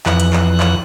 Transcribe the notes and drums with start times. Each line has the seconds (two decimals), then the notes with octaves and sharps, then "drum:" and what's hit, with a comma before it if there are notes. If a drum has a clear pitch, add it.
0.06 F2 E3 F#6, drum: clap
0.20 drum: hi-hat
0.33 drum: clap
0.60 drum: clap